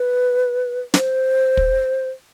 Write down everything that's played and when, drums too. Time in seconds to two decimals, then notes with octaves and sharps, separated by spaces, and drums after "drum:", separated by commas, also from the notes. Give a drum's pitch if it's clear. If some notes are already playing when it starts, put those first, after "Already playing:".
Already playing: B4
0.94 C5, drum: snare
1.57 drum: kick